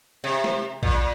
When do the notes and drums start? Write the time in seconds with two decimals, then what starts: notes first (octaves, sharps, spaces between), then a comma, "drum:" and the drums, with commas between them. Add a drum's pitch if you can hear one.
0.24 C3
0.44 drum: snare
0.83 A#2, drum: kick A#1